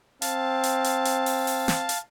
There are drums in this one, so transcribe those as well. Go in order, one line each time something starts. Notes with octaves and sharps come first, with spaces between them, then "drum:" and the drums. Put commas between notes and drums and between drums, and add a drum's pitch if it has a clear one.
C4 F5 A5, drum: hi-hat
drum: hi-hat
drum: hi-hat
drum: hi-hat
drum: open hi-hat
drum: open hi-hat
drum: snare
drum: hi-hat